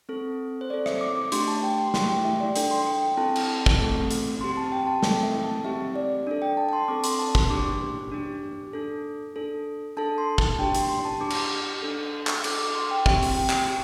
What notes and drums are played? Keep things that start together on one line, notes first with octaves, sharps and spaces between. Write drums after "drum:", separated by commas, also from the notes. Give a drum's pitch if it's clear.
C4 A4
C5
C4 A4 D5
E5, drum: rim click
D6
D6
A3 D4 G4 C6, drum: hi-hat
A5
G5
C6
A3 E4 G4 C6, drum: snare
G5
E5
D5
D4 A4 G5, drum: hi-hat
C6
G5
G5
C4 E4 A4 A5
drum: cymbal
drum: kick
A3 C4 A4
drum: hi-hat
C4 G4 C6
A5
G5
A5
A3 C4 A4 G5, drum: snare
E5
A5
C4 G4 E5
D5
D4 A4 D5
G5
A5
A5
C6
C4 A4 D6
C6, drum: hi-hat
A5
C6, drum: kick
D4 G4 D6
D4 G4
D4 A4
D4 A4
D4 A4 A5
C6
A5, drum: kick
D4 G4 G5
C6, drum: hi-hat
C6
A5
D4 G4 D6
drum: cymbal
D4 A4
drum: clap
D4 A4 D6, drum: cymbal
D6
C6
G5
C4 G4 E5, drum: kick
drum: open hi-hat
G5
drum: clap
G4